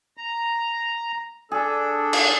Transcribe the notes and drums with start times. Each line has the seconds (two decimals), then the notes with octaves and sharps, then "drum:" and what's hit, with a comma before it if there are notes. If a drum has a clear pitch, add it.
0.17 A#5
1.52 D4 G#4 A4
2.13 drum: cymbal